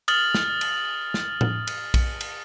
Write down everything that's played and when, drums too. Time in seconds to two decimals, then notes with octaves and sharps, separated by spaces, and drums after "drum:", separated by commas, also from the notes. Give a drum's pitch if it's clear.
0.08 D#6 F6 A6 F#7, drum: cymbal
0.35 drum: snare
0.61 drum: cymbal
1.14 drum: snare
1.41 drum: tom A2
1.67 drum: cymbal
1.94 drum: kick A#1, cymbal
2.21 drum: cymbal